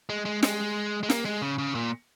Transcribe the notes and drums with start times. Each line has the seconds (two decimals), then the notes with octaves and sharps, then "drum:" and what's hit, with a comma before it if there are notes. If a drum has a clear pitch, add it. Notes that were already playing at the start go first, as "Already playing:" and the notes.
0.09 G#3
0.25 G#3
0.43 G#3, drum: snare
1.03 G#3
1.10 A#3, drum: snare
1.25 G#3
1.42 C#3
1.58 C#3
1.75 A#2